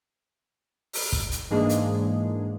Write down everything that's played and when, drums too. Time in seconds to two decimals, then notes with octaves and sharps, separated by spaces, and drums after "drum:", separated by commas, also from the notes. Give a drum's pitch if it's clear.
0.93 drum: open hi-hat
1.12 drum: kick
1.31 drum: hi-hat
1.50 G#2 E3 G#3 A#3 D4 G#4
1.69 drum: hi-hat